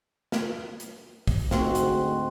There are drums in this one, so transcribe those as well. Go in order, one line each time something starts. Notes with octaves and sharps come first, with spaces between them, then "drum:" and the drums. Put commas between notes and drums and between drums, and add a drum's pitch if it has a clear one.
drum: snare
drum: hi-hat
drum: kick, open hi-hat
D2 G#2 C4 F#4, drum: snare
drum: hi-hat